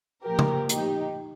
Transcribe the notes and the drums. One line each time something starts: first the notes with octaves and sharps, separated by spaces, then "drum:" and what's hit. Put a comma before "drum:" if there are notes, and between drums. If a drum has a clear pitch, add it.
A#2 F3 G4 A#4
drum: tom
D#4 G4, drum: hi-hat